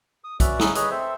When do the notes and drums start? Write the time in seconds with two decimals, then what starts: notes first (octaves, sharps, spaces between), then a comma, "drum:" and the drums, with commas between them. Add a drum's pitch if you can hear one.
0.24 D#6
0.40 C#4 F#4 B4 D5 E5, drum: kick, hi-hat
0.59 C#4 D#4 E4 G#4 A4 F#5, drum: snare
0.75 G#4 B4 C#5 D#5 B5, drum: hi-hat
0.91 C4 A4 C5 E5